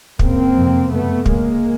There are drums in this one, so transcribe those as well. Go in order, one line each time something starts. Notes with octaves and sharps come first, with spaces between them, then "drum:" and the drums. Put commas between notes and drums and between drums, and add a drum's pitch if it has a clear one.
F#2 C#3 A#3 C4, drum: kick
F2 C3
F#2 C#3 A3 B3
D2 C#3 G#3 A#3, drum: kick